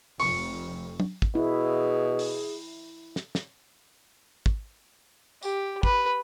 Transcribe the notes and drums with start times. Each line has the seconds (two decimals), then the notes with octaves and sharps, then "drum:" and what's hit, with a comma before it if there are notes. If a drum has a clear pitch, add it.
0.20 F1 F2 C#6, drum: open hi-hat
1.00 drum: tom
1.22 drum: kick
1.35 B2 E4 G#4
2.19 drum: open hi-hat
3.16 drum: snare
3.35 drum: snare
4.46 drum: kick
5.43 G4, drum: tambourine
5.83 B4, drum: kick